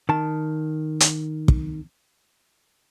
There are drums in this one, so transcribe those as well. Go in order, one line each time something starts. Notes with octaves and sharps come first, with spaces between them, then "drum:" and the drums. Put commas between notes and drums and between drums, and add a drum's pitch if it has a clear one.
D#3 A5
drum: hi-hat
drum: kick